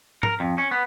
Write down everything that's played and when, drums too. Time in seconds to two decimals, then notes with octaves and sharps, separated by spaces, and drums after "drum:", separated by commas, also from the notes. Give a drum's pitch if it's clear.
0.23 A#4, drum: tom G#2
0.40 F2
0.58 C#4
0.71 B3